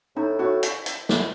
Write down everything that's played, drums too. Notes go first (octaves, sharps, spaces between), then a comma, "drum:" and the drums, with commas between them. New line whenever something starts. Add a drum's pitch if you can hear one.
A2 D#4
A2 F#4
drum: hi-hat
drum: hi-hat
drum: snare